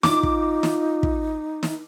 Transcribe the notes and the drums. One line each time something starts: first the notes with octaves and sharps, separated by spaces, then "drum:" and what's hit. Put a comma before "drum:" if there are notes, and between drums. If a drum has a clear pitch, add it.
D#4 F4 D6, drum: snare
drum: kick
drum: snare
drum: kick
drum: snare